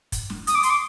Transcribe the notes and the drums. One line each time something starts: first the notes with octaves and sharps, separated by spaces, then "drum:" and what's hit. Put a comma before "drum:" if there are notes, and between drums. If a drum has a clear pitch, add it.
drum: kick, hi-hat
drum: snare
D#6, drum: hi-hat
D6
C6, drum: hi-hat
D6